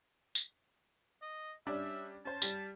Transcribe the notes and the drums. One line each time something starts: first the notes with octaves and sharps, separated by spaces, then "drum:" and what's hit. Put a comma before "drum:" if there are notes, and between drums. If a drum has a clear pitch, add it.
drum: tambourine
D#5
G3 C#4 D4 E5
C#4 C5 A5
G3, drum: tambourine